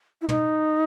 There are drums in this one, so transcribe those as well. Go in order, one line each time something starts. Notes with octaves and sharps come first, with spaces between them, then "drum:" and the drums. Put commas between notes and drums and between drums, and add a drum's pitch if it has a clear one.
E4
D#4, drum: tom